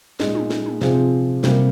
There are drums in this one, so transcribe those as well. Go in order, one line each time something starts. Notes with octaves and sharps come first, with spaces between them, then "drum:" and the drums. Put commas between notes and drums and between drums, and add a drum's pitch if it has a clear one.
A#2 G#3 D#4 G#4, drum: snare
drum: tom
drum: snare
drum: tom
C3 F3 C4 F4 G#4, drum: snare
C3 G3 A#3, drum: snare